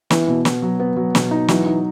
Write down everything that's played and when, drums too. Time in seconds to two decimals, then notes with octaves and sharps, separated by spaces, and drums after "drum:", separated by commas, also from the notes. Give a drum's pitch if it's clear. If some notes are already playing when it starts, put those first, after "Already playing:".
0.10 E3 B3, drum: snare
0.28 B2
0.45 B3, drum: snare
0.62 F#3
0.80 B3
0.96 F#3
1.15 B2, drum: snare
1.31 D#4
1.48 E3 F#3, drum: snare
1.66 D#4